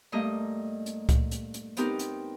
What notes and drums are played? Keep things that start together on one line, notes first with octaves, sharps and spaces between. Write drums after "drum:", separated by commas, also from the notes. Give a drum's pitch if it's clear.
G2 A3 A#3 D#5
drum: hi-hat
drum: kick C#2, hi-hat
drum: hi-hat
drum: hi-hat
B3 C4 D#4 G4 A#4, drum: hi-hat
drum: hi-hat